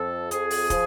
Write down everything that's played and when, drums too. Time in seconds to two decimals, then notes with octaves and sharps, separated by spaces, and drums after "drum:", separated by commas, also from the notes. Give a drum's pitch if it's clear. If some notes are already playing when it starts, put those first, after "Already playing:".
Already playing: F2 A4
0.31 F2 G#4, drum: hi-hat
0.51 drum: open hi-hat
0.70 F3, drum: kick, hi-hat